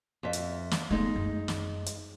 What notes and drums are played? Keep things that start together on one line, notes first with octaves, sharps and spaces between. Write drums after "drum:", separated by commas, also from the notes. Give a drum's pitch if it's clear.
F2 E5
drum: hi-hat
drum: snare
G#3 A3 B3 D#4
F#2
drum: snare
drum: hi-hat